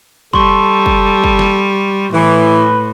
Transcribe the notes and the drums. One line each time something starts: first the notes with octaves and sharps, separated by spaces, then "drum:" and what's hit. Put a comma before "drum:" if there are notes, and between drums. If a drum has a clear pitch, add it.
G3 A4 C6 C#6, drum: kick
drum: kick
drum: kick
drum: snare
A2 E3 B4